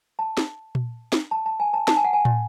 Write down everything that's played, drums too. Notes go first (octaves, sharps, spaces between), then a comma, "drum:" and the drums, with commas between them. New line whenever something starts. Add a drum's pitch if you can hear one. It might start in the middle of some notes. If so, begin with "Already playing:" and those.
A5
drum: snare
drum: tom A#2
drum: snare
A5
A5
G#5
A5
A5, drum: snare
G#5
F#5
G#5
drum: tom